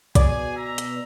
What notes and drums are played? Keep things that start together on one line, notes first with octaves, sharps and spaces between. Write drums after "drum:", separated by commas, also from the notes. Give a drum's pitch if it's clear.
B2 G#4 D5 G#5, drum: kick, hi-hat
E5 A#5
drum: hi-hat